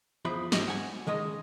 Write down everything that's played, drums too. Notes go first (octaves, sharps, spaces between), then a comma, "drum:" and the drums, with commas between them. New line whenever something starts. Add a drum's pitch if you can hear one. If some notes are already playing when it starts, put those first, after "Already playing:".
E2 F3 G#4 E5 B5
G#2 E4 F#4 G4 D#5 G#5, drum: snare
F#5 G#5
C#2 D#3 G#3 D#5